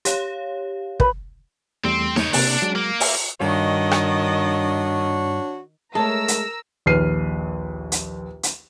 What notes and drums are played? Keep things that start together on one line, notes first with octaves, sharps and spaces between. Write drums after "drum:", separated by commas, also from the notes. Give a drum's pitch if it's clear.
G4 C#5 F5, drum: hi-hat
B4 B5, drum: kick
E2 G3 A3 C4
D#4 C#5, drum: snare D#4
C3 A#3 D4, drum: open hi-hat
F#3 G#3
A#3
E5, drum: open hi-hat
G2 D#3 D4 F#4 C#5 D#5
drum: rim click
G#3 A3 A#4 C#5 A5 A#5 E6
drum: hi-hat
A#1 D#2 B4 F6 C7 D#7
drum: hi-hat
drum: hi-hat